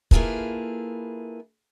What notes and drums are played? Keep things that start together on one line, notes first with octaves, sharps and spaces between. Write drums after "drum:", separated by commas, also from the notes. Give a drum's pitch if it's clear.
A#3 E4 F4 G#4 A4 B4, drum: kick